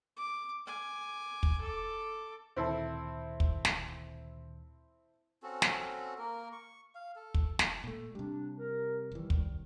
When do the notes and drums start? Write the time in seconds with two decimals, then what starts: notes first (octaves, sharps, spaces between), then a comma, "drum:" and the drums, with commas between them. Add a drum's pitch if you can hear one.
0.16 D6
0.66 G#5 D6
1.43 drum: kick
1.61 A4 D6
2.56 D2 A#2 D#3 C4 E4 A4
3.40 drum: kick
3.65 drum: snare
5.43 C4 C#4 F#4 A4
5.62 drum: snare
6.18 A#3 A#4
6.52 C#6
6.95 F5
7.16 A4
7.34 drum: kick
7.59 drum: snare
7.84 A#2 A3
8.15 C3 G3 D4
8.58 A#4
9.12 F1 D#3 E3 G3
9.30 C2, drum: kick